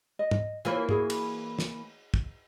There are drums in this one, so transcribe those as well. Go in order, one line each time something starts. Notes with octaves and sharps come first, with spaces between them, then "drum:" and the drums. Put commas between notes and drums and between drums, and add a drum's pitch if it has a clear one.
D#5
drum: tom
E3 A#3 F4 B4 C#5
F#4 G#4 C#5, drum: tom
drum: cymbal
drum: snare
drum: kick